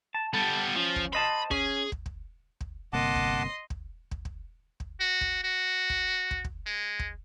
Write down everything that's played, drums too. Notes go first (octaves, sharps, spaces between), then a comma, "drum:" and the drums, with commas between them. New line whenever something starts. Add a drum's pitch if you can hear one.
A5
G3 B3 A4
F3 C#4
drum: kick
C5 D#5 A5 B5
C#4 G#4, drum: kick
drum: kick
drum: kick
drum: kick
G1 C3 A#3 D#5 F#5 A5 C6 D6
drum: kick
drum: kick
drum: kick
drum: kick
drum: kick
F#4
drum: kick
F#4
drum: kick
drum: kick
drum: kick
G#3
drum: kick